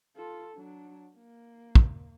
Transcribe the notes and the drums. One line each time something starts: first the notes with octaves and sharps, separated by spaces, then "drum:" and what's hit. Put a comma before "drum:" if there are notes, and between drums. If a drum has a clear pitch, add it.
F4 A4
F#3 D4
A#3
drum: kick